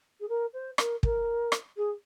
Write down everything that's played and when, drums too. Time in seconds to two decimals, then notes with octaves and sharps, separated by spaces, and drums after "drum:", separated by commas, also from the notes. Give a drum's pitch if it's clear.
0.20 G#4
0.28 A#4
0.53 C5
0.78 A#4, drum: rim click
1.03 A#4, drum: kick
1.52 drum: rim click
1.76 G#4